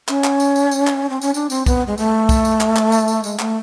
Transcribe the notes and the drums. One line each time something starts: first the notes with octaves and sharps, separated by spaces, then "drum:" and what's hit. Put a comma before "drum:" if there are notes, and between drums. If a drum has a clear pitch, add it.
C#4, drum: clap
drum: clap
drum: tambourine
drum: tambourine
drum: tambourine
drum: clap
C4
C#4, drum: tambourine
D4, drum: tambourine
C4, drum: tambourine
B3, drum: kick C2, tambourine
G#3
A3, drum: tambourine
drum: kick C2, tambourine
drum: tambourine
drum: clap
drum: clap
drum: tambourine
drum: tambourine
G#3, drum: tambourine
A3, drum: clap